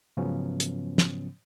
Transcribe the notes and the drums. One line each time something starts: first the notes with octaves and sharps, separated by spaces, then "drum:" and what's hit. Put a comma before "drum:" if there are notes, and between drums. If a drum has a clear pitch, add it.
G#2 C#3 F3 F#3 B3 C#4
drum: hi-hat
drum: snare